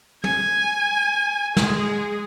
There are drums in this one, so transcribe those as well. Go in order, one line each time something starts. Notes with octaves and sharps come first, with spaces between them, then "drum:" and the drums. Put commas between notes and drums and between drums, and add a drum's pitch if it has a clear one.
G#5, drum: tom
G#3 G#4, drum: snare